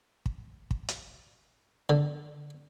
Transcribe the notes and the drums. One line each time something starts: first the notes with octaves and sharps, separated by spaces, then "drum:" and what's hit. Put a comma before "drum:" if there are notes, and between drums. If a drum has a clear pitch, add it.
drum: kick
drum: kick
drum: hi-hat
D3